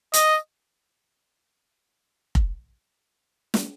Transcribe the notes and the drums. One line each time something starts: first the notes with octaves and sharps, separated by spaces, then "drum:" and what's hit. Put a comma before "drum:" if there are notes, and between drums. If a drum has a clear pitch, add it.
D#5, drum: hi-hat
drum: kick F1
drum: snare